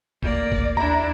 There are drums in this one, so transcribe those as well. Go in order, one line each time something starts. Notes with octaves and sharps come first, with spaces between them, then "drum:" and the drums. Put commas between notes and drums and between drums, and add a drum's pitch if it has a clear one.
D2 A#3 D5, drum: kick A1
drum: kick A1
D#2 D4 E4 A#5